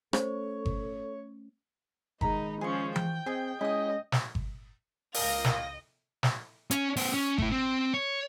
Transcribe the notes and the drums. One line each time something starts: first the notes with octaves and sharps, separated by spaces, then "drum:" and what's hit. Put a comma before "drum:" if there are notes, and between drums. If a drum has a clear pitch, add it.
A3 C#4 A4 C5 C#5, drum: rim click
drum: kick G1
D#3 G#3 D#4 A#5 B5, drum: kick G1
F3 C#4 G#4 C#6
G5, drum: tom E3
C4 G#4 D#5
G#3 C#4 E4 D#5 D#6
drum: snare
drum: kick G1
C#2 A#3 D#5 F5 G5 A#6, drum: open hi-hat
drum: snare
drum: snare
C#4, drum: hi-hat
B3 C5, drum: open hi-hat
C#4
A3 E4, drum: kick G1
C4
C#5